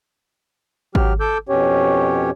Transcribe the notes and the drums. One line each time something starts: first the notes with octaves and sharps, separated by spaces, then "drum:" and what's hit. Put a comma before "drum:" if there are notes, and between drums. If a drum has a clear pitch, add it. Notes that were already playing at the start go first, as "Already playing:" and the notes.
F#3 G4 F6, drum: kick G#1
A4 D6 E6 G6
F2 B2 C#4 G4 C#5